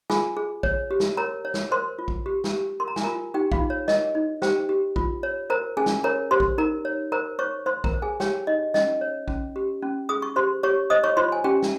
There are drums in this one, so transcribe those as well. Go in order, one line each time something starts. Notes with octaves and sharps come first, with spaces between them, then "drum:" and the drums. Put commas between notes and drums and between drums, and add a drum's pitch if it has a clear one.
F4 G#4 G#5, drum: snare
G#4
C#5, drum: kick A#1
G4
drum: snare
A#4 C#5 A#5
C#5
drum: snare
A#4 C5 C6
F4
drum: kick A#1
G4
drum: snare
G4
A#4 C6
A#5
G#5, drum: snare
F4 A#4 A#5
D#4 G4 G5
F4 F5, drum: kick A#1
D#4
C#5
A#4 D#5, drum: snare
D#4
G4 C5 G5, drum: snare
G4
F4, drum: kick A#1
C#5
A#4 C5 A#5
C#4 G#4 G#5
drum: snare
A#4 C#5 A#5
G4 C5 C6
drum: kick A#1
D#4 A#4 A#5
C#5
A#4 C5 A#5
C5 C#5 C#6
C5 C6
A#4 A#5, drum: kick A#1
C5
G#4 G#5
G4 C#5 G5, drum: snare
D#4 D#5
C#4 D#5, drum: snare
C#5
C#4, drum: kick A#1
G4
C#4
G#4 D#6
C#6
G4 C5 C6
G4 C#5 C#6
C5 D#5 D#6
C#5 C#6
F4 C5 C6
G#5
C#4 G4 G5
drum: snare